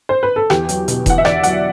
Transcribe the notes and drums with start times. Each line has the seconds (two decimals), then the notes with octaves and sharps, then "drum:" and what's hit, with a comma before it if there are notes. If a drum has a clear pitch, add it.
0.09 C5
0.23 B4
0.36 A4
0.50 E2 G4, drum: rim click
0.69 F#3, drum: hi-hat
0.88 B2, drum: hi-hat
1.06 E2 F#5, drum: kick E1, hi-hat
1.18 E5
1.25 E2 D5, drum: rim click
1.43 F#3 F#5, drum: hi-hat